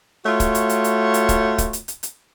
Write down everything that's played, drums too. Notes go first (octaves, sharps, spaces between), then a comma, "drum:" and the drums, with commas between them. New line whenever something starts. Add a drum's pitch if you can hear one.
A3 F4 F#4 C#5
drum: kick, hi-hat
drum: hi-hat
drum: hi-hat
drum: hi-hat
drum: hi-hat
drum: kick, hi-hat
drum: kick, hi-hat
drum: hi-hat
drum: hi-hat
drum: hi-hat